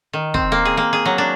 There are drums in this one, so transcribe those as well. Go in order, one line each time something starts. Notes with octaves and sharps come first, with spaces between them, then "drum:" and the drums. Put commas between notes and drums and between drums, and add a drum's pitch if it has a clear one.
D#3
C4, drum: kick
A#3
G#4
A#3
G#4
F#3
D4